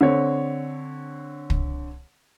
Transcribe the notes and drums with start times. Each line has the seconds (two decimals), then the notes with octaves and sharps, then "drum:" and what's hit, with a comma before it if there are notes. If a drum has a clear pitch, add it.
0.01 D3 C4 C#5
1.50 drum: kick